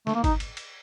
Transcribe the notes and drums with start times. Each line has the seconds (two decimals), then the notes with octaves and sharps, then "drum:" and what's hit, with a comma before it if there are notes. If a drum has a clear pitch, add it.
0.07 A3, drum: snare
0.15 A#3
0.24 D#4, drum: kick G1, cymbal
0.40 drum: cymbal
0.57 drum: cymbal